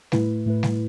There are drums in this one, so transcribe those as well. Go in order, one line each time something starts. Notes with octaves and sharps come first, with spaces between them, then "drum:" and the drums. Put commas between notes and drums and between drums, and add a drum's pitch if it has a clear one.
A2 A3 E4 B4, drum: snare
A2 A3 E4 B4
drum: snare